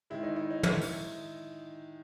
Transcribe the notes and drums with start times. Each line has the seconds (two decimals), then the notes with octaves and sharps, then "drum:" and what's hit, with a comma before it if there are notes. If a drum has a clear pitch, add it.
0.10 D#3 G#3 E4
0.23 D#4
0.36 E4
0.51 D#4
0.63 E4, drum: tom
0.81 drum: open hi-hat